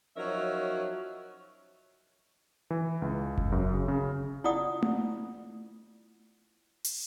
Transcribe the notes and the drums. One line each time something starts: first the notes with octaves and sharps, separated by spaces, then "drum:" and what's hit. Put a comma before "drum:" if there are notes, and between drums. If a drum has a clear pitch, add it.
F3 F#3 C#4 D#4 A#4 E5
E3
C#2
drum: kick F#1
F#2
C#3
C#3
E4 F4 D5 F#5 D#6
drum: tom A3
drum: open hi-hat